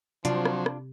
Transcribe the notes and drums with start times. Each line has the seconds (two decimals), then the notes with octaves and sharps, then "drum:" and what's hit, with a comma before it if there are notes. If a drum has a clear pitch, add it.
0.25 C3 F3 F#3 D4 F4 C5, drum: hi-hat
0.45 drum: rim click
0.66 drum: rim click